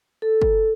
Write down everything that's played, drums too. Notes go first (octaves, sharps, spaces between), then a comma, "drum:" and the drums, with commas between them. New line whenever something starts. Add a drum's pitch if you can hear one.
A4
drum: kick